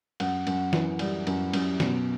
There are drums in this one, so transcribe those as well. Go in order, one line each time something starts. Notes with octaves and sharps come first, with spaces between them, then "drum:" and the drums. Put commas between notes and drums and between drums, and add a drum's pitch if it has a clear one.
F#2 F#5, drum: cymbal
F#2, drum: cymbal
E3, drum: snare
G3, drum: cymbal
F#2, drum: cymbal
F#2, drum: cymbal
B2, drum: snare